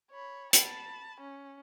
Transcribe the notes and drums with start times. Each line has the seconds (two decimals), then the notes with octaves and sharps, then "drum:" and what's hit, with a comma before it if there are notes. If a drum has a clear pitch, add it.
0.10 C#5 B5
0.53 A5 B5, drum: hi-hat
1.21 C#4